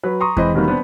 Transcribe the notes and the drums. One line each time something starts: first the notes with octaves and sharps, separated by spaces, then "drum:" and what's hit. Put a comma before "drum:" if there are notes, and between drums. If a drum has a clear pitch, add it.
F#3 B4 B5
A#5 C6 C#6 D#6
E3 G#3 C4 D#5 B5, drum: kick E2
B2 D#3 F#3 G3 A#3 B3
B3 C4 D4 B4